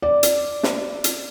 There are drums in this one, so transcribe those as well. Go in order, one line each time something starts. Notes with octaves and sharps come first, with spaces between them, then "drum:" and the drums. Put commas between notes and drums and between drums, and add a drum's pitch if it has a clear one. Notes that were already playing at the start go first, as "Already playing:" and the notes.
D5
drum: hi-hat
drum: snare
drum: hi-hat